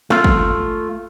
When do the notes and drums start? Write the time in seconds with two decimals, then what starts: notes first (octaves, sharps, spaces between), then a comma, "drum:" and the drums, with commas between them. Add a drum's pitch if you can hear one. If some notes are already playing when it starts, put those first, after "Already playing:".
0.10 A3 F4, drum: snare
0.24 drum: kick